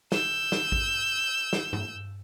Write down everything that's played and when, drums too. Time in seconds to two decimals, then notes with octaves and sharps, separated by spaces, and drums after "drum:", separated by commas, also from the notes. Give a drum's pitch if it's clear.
0.12 E6 G6, drum: snare
0.52 drum: snare
0.72 drum: kick A1
1.53 drum: snare
1.73 drum: tom G2